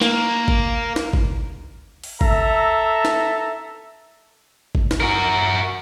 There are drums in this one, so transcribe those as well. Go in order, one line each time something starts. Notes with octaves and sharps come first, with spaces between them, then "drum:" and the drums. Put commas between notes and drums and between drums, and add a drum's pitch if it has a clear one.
A#3, drum: snare
drum: kick
drum: snare
drum: kick
drum: open hi-hat
A4 E5 A#5, drum: kick
drum: snare
drum: kick
drum: snare
F#4 A#4